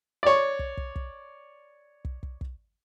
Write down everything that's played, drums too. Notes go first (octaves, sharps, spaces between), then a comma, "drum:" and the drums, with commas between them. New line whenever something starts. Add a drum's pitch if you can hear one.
C#5 D5
drum: kick
drum: kick
drum: kick
drum: kick
drum: kick
drum: kick